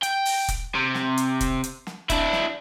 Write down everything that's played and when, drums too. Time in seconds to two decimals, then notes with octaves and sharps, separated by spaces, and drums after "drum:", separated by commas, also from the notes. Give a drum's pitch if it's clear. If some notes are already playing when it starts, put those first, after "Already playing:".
0.03 G5, drum: hi-hat
0.25 drum: open hi-hat
0.48 drum: kick, hi-hat
0.75 C3
0.94 drum: snare
1.18 drum: hi-hat
1.41 drum: kick, hi-hat
1.64 drum: hi-hat
1.87 drum: snare
2.10 D4 E4, drum: kick, hi-hat
2.33 drum: snare